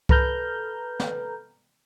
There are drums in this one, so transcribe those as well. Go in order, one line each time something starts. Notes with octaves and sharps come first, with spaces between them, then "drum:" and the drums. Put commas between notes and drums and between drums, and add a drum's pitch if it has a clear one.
A4 B4 A#5 F6 G6, drum: kick C2
drum: snare